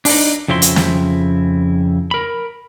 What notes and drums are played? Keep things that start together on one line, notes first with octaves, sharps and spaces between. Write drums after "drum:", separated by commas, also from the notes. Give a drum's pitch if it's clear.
D4 D#4, drum: open hi-hat
F2 C#3 C4 E4 C6
drum: hi-hat
drum: snare
A#4 B5